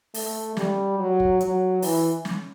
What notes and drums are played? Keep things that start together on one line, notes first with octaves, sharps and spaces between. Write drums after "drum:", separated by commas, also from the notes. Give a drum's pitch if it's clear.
A3, drum: open hi-hat
G3, drum: snare
F#3
drum: kick
F#3, drum: hi-hat
E3, drum: open hi-hat
drum: snare